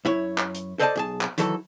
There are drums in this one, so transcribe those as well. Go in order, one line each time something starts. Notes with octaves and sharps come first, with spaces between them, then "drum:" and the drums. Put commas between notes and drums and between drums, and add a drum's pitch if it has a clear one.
F#2 E4 C#5
drum: clap
drum: hi-hat
A4 C5 D5 D#5 G#5 A5
B1 G#4 A5
drum: clap
D#3 E3 F#3 A4, drum: hi-hat